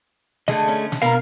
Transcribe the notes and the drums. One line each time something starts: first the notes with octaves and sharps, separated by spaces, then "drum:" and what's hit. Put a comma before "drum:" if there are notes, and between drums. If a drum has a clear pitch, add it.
D3 A3 G#4 D#5, drum: snare
C#4
drum: snare
B2 B3 A#4 F5 A#5